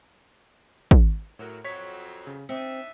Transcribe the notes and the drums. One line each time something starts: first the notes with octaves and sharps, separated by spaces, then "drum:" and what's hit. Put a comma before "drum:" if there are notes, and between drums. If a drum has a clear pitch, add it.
drum: kick
A2 F#3 A#4
F2 F#3 C#5 B6
C#3
C4 D4 D#4 E5 C#7